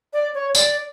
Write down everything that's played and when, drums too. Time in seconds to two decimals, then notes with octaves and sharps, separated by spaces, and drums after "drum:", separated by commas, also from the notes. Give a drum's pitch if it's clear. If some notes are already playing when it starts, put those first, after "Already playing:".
0.13 D5
0.34 C#5
0.55 D5, drum: tambourine